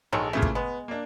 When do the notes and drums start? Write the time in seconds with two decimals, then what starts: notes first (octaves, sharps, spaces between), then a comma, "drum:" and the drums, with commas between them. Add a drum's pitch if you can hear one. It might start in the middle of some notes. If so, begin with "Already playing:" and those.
0.13 A#1 D#3 F#3 G#3 A4
0.33 A#2 C#3 E3 A3
0.42 drum: kick
0.55 G#3 B3
0.88 A#3 D4